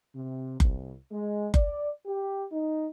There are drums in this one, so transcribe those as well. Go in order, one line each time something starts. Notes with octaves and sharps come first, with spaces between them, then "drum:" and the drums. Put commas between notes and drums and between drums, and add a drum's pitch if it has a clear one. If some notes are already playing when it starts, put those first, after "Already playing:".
C3
C2, drum: kick F#1
G#3
D5, drum: kick F#1
G4
D#4